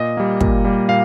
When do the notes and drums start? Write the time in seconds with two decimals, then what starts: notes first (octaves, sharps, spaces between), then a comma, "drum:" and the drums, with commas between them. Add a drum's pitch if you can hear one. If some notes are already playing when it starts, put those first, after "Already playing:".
Already playing: A#2 D#5
0.17 G3 A#3
0.41 A#2, drum: kick
0.65 G3 A#3
0.89 A#2 F5